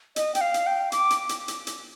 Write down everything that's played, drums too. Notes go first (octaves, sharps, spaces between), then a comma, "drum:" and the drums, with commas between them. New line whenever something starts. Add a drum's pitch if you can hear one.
D#5, drum: hi-hat
G5, drum: hi-hat
F5
drum: hi-hat
G5
D6, drum: hi-hat
drum: hi-hat
drum: hi-hat
drum: hi-hat
drum: hi-hat